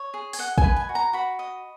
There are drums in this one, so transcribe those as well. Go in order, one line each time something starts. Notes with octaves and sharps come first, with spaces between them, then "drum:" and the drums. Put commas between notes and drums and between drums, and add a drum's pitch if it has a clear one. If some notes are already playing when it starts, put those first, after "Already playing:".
Already playing: C#5
G#4
G#5, drum: open hi-hat
D#5 F#5
G#5, drum: kick
B4
G#5
F#4
A#5
F#4 B5
D#5